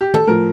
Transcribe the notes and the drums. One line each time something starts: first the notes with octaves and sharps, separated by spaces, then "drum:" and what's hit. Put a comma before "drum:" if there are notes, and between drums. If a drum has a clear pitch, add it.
G4
A4, drum: tom
A2 F3 A#4